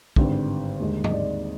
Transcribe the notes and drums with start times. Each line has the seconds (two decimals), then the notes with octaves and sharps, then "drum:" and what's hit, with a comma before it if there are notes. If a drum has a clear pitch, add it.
0.16 G#1 G2 D3 G3, drum: kick
0.80 D#2 D3 G#3
1.04 D#5, drum: tom G#2
1.12 D5